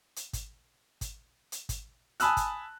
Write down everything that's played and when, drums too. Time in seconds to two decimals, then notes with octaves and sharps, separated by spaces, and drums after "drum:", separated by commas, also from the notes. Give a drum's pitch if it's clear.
0.16 drum: hi-hat
0.33 drum: kick, hi-hat
1.01 drum: kick, hi-hat
1.52 drum: hi-hat
1.69 drum: kick, hi-hat
2.20 G#5 A5 B5 D#6 E6 F#6, drum: hi-hat
2.37 drum: kick, hi-hat